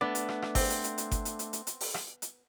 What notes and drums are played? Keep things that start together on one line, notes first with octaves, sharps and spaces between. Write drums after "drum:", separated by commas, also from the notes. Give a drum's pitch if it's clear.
A3 B3 D4 D5
drum: hi-hat
drum: rim click
drum: rim click
C4, drum: kick G1, open hi-hat
drum: hi-hat
drum: hi-hat
drum: hi-hat
drum: kick G1, hi-hat
drum: hi-hat
drum: hi-hat
drum: hi-hat
drum: hi-hat
drum: open hi-hat
drum: rim click
drum: hi-hat